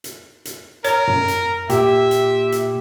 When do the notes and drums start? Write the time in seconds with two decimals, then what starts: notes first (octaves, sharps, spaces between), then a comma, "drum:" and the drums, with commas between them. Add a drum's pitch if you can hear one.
0.04 drum: hi-hat
0.45 drum: hi-hat
0.84 A#4 C#5 A#5, drum: hi-hat
1.07 drum: tom F#2
1.28 drum: hi-hat
1.70 A#2 G4 E5, drum: hi-hat
2.11 drum: hi-hat
2.52 drum: hi-hat